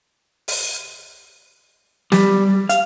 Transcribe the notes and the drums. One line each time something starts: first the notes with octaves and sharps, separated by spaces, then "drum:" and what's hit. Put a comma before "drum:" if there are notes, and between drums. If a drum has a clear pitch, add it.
drum: open hi-hat
G3, drum: snare
F5, drum: hi-hat